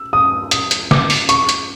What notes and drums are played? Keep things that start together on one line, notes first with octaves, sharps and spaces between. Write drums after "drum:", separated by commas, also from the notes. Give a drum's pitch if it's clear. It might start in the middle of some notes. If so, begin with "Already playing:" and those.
Already playing: E6
D#6
D#6, drum: hi-hat
drum: hi-hat
D6, drum: snare
drum: open hi-hat
C#6, drum: hi-hat
drum: hi-hat